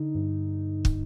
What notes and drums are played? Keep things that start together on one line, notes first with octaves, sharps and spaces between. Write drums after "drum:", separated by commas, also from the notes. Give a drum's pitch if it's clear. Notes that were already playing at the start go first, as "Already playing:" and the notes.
Already playing: D3 D#4
G2
drum: kick